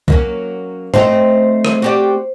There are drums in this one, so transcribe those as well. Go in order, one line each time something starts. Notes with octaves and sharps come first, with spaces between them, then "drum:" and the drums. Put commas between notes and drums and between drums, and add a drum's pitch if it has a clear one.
F#3 A#3 C#4, drum: kick C2
A3 C4 D#4 C5, drum: tom G#2
drum: rim click
F#4 G4 D5